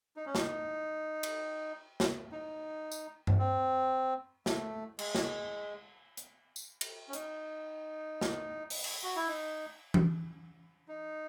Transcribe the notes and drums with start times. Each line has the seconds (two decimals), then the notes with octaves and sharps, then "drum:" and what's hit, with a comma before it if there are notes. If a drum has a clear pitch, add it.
0.16 D#4
0.26 C#4
0.35 D#4, drum: snare
1.23 drum: cymbal
2.00 drum: snare
2.32 D#4
2.91 drum: tambourine
3.27 drum: tom G2
3.39 C4
4.46 A3, drum: snare
4.99 G#3, drum: cymbal
5.15 drum: snare
6.17 drum: hi-hat
6.56 drum: tambourine
6.81 drum: cymbal
7.08 C#4
7.13 D#4, drum: hi-hat
8.21 drum: snare
8.70 drum: open hi-hat
8.84 drum: cymbal
9.03 F#4
9.16 E4
9.28 D#4
9.94 drum: tom E3
10.88 D#4